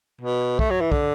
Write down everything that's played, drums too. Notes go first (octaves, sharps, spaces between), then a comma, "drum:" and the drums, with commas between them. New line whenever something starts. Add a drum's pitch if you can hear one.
B2
A3, drum: kick B1
F#3
E3
D3, drum: kick B1